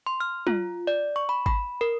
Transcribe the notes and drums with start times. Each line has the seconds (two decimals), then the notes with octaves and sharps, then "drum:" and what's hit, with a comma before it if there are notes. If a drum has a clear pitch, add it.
0.07 C6
0.20 F6
0.47 F4, drum: tom
0.87 D5
1.16 C#6
1.29 B5
1.46 B5, drum: kick G#1
1.81 A#4